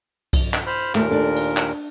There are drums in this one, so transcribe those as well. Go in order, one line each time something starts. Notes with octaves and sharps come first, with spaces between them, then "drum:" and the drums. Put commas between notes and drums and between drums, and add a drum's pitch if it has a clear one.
drum: kick B1, cymbal
drum: clap
C5 B5 F6
D#2 A#2 A3 A#4, drum: clap
D4
drum: cymbal
drum: clap